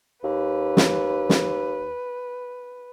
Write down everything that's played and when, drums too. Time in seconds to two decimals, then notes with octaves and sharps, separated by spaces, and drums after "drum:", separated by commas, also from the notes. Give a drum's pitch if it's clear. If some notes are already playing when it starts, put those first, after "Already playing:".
0.24 D#2 B4
0.77 drum: snare
1.30 drum: snare